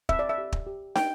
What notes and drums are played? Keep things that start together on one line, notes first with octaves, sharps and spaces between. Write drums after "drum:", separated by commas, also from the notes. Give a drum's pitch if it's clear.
C4 E5, drum: kick
D5
E5
G4
drum: kick
G4
D4 G5, drum: snare